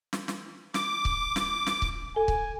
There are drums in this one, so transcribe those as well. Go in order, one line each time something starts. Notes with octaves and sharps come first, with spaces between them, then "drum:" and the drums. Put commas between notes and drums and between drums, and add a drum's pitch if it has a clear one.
drum: snare
drum: snare
D6, drum: snare
drum: kick C#1
drum: snare
drum: snare
drum: kick C#1
A4 G#5
drum: kick C#1